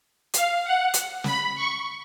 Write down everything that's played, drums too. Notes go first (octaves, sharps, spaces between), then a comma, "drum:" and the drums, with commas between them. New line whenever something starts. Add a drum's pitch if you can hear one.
F5, drum: hi-hat
F#5
drum: hi-hat
B5, drum: snare
C#6